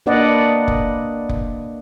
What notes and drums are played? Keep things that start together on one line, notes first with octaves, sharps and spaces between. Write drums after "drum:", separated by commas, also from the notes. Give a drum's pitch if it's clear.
A#3 D4 B4 D5 D#5 F#5
drum: kick F1
drum: kick F1